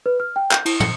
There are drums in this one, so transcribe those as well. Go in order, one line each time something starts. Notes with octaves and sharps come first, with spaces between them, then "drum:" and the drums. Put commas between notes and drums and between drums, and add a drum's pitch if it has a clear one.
B4
F6
G5
G6, drum: clap
E4, drum: cymbal
C#7, drum: tom